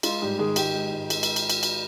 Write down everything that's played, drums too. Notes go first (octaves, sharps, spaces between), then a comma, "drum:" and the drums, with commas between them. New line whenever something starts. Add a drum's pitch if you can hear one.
G#3 F4, drum: cymbal
G#2 G3 G4
D#3 G#3 G#4
G#3 G4 G5, drum: cymbal
G#3
G#2
G#3, drum: cymbal
drum: cymbal
drum: cymbal
drum: cymbal
drum: cymbal